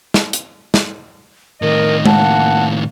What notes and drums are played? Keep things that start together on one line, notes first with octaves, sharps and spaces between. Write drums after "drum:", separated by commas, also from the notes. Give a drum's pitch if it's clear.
drum: snare
drum: hi-hat
drum: snare
A2 D#3 A#4 D#5
A#3 F#5 A5, drum: tom G#3